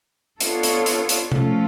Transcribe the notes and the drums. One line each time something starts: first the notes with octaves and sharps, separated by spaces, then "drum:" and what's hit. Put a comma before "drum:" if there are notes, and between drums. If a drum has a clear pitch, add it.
B3 D4 F4 A4 C#5, drum: hi-hat
drum: hi-hat
drum: hi-hat
drum: hi-hat
F3 A3 C#4 F4 A4, drum: tom C3